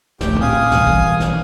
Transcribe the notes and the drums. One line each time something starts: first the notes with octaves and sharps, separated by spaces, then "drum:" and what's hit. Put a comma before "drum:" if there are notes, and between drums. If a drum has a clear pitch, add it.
D1 A#1 A3 G4 G5, drum: snare
C#2 A2 C4 F5 G#5 D#6
B2 E3 G3, drum: snare
drum: kick
drum: snare